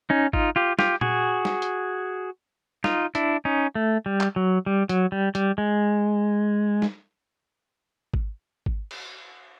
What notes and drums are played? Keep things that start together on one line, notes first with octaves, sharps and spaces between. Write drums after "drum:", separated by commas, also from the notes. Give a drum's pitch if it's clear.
C#4 D#4
D#4 F4, drum: kick G#1
F4 G4
F4 G4, drum: snare
F#4 G#4, drum: tom A#2
drum: snare
drum: hi-hat
D#4 F4, drum: snare
D4 E4, drum: hi-hat
C#4 D#4
A3
G3
drum: clap
F#3
G3
F#3, drum: hi-hat
G3
G3, drum: hi-hat
G#3
drum: snare
drum: kick G#1
drum: kick G#1
drum: cymbal